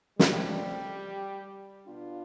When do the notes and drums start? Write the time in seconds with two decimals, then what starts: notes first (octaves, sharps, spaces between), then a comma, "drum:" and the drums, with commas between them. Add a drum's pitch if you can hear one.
0.19 C3 F3 G3 A3 D4 G4, drum: snare
1.87 B2 B3 D4 F4